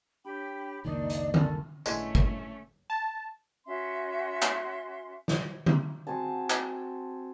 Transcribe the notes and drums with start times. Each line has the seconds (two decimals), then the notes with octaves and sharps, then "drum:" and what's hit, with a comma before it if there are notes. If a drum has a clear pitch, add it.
0.25 D4 G4 C#5 G5 B5
0.85 F#1 C#2 D#3 A#3 D4 D#4 D5 D#5
1.10 drum: hi-hat
1.34 A4 A#4 A5, drum: tom D3
1.86 G1 A2 D3 E3 G#3 A3 C#4, drum: tambourine
2.15 drum: kick G1
2.90 A5
3.66 C#4 F#4 E5 C6
4.42 drum: clap
5.28 drum: snare
5.66 drum: tom D3
6.07 C4 F#4 G#4 A5
6.50 drum: clap